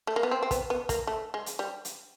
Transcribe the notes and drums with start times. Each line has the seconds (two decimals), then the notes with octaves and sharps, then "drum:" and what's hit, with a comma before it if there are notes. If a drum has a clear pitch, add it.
0.07 A3
0.16 A#3
0.23 B3
0.31 C4
0.43 C4
0.51 B3, drum: kick, hi-hat
0.70 B3
0.89 A#3, drum: kick, hi-hat
1.07 A3
1.34 G#3
1.46 drum: hi-hat
1.59 G3
1.85 drum: hi-hat